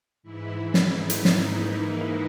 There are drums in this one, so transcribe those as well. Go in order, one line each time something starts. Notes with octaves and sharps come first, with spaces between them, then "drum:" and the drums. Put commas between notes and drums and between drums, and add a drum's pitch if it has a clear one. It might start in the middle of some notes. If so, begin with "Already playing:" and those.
G#2 E3 E4
drum: snare
D#4
drum: hi-hat
drum: snare
A#3